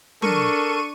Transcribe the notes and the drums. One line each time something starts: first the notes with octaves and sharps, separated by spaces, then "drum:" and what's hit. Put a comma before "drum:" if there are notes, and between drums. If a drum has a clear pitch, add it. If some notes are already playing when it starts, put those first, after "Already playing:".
D4 A4 A#4 C#6 D#7, drum: tom F#3